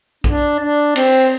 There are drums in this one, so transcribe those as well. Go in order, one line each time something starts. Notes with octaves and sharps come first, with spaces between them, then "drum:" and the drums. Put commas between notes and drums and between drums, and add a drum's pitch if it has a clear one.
D4, drum: kick
D4
C4, drum: cymbal